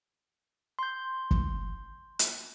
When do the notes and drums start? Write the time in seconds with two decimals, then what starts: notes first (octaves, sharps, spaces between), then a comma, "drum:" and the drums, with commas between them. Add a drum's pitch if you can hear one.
0.79 C6 G6
1.31 drum: kick
2.19 drum: hi-hat